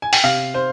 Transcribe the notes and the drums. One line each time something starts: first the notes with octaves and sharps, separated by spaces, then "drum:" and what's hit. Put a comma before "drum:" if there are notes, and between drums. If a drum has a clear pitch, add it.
G#5
G5, drum: open hi-hat
C3 F5
C5